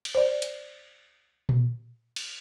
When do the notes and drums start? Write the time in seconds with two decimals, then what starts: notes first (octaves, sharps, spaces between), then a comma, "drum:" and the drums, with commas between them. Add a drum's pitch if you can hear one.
0.05 drum: cymbal
0.15 C5 D5
0.42 drum: hi-hat
1.49 drum: tom A#2
2.16 drum: cymbal